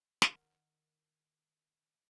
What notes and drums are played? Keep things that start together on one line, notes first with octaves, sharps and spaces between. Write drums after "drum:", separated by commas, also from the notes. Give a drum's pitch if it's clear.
D#3 A#4 F#5, drum: snare